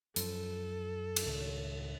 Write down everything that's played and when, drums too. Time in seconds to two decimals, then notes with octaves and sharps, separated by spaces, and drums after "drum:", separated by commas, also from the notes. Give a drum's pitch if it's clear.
0.16 F#2 F3 A4, drum: hi-hat
1.16 drum: cymbal
1.26 C#2 A2 D#3